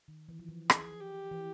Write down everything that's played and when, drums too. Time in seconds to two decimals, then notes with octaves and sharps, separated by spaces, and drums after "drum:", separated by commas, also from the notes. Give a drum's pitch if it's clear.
0.08 D#3
0.29 E3
0.39 F3
0.48 E3
0.70 G#4, drum: rim click
1.00 G4
1.31 E3